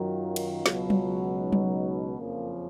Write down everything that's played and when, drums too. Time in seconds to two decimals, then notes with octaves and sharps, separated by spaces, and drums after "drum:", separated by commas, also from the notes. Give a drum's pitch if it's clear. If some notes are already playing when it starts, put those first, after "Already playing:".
Already playing: F#2 D#3 F#3 F4
0.36 drum: cymbal
0.66 C#2 B2 F#3, drum: snare
0.90 drum: tom F#3
1.41 D#4
1.52 drum: tom F#3
2.17 F#1 F2 C#3 F3 A#3